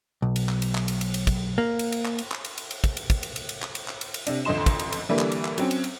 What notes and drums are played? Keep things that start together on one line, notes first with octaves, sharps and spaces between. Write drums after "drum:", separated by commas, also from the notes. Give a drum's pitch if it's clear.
B1
drum: cymbal
drum: clap
drum: cymbal
drum: clap
drum: cymbal
drum: cymbal
drum: cymbal
drum: kick, cymbal
A#3
drum: cymbal
drum: cymbal
drum: clap
drum: cymbal
drum: clap
drum: cymbal
drum: cymbal
drum: cymbal
drum: kick, cymbal
drum: cymbal
drum: kick, cymbal
drum: cymbal
drum: cymbal
drum: cymbal
drum: clap
drum: cymbal
drum: clap
drum: cymbal
drum: cymbal
C3 D4, drum: cymbal
A1 F2 D3 D#5 C6 E7
drum: kick, cymbal
drum: cymbal
drum: cymbal
D3 E3 G3 A#3
drum: clap
drum: cymbal
drum: clap
F#3 C4 C#4, drum: cymbal
drum: cymbal
drum: cymbal